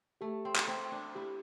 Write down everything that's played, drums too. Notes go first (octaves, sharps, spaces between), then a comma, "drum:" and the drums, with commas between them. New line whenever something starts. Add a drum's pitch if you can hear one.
A3 G4
C4
drum: clap
C4 C5 G5
D4
E4 G4